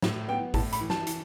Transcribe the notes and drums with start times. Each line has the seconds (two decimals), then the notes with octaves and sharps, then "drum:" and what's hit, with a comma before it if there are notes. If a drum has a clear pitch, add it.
0.02 A2, drum: snare
0.28 B3 G5
0.54 A2 A5, drum: kick G#1, open hi-hat
0.72 B5, drum: hi-hat
0.81 E3
0.90 A5, drum: snare
1.07 E3, drum: hi-hat